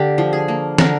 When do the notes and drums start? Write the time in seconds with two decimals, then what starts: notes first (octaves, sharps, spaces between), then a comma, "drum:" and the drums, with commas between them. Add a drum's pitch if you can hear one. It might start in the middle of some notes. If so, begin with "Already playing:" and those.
Already playing: D3 A#3 D4 G4
0.18 F3
0.33 G#4
0.48 A#3
0.78 D3 A#4, drum: snare